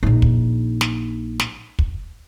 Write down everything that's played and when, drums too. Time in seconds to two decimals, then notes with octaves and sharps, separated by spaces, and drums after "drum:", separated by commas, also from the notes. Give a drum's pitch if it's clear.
0.03 A#1 D#4
0.22 drum: kick
0.81 drum: snare
1.40 drum: snare
1.79 drum: kick